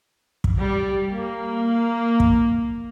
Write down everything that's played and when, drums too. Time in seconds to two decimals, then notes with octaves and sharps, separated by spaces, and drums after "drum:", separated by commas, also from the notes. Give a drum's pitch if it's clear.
0.44 drum: kick
0.58 G3
1.10 A#3
2.20 drum: kick